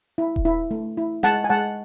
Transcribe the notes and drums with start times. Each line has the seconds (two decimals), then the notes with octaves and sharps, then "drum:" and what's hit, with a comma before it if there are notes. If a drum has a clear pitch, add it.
0.18 E4
0.36 drum: kick D#1
0.45 E4
0.71 A3
0.97 E4
1.23 G#3 F#5 A5, drum: snare
1.44 G#5
1.49 G#3 F#5 A5